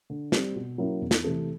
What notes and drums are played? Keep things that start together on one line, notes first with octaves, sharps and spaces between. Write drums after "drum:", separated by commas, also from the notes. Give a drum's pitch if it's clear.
D3
G3 C4, drum: snare
B2
F#3 A#3 C#4 E4
E2
drum: snare
C3 E3 A3